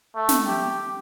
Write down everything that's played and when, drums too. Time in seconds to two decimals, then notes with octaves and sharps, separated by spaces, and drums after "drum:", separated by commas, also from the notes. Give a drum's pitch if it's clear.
0.15 A3
0.29 drum: snare
0.47 G4